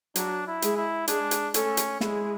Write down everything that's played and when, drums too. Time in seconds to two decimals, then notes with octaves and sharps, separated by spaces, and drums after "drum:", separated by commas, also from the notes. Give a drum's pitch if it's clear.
0.16 F#3 D4 F#4, drum: hi-hat
0.47 E4
0.62 G#3 G#4, drum: hi-hat
0.77 E4
1.08 G#3 D4 G#4, drum: hi-hat
1.31 drum: hi-hat
1.54 A3 C#4 A4, drum: hi-hat
1.77 drum: hi-hat
2.01 G#3 E4 G#4, drum: snare